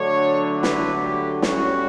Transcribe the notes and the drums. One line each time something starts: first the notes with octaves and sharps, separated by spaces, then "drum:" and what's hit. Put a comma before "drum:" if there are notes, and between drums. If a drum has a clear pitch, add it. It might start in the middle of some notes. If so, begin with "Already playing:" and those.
Already playing: D3 F#3 A3 D4 C#5
B4, drum: snare
G4
A2 G3 C#4 F#4, drum: snare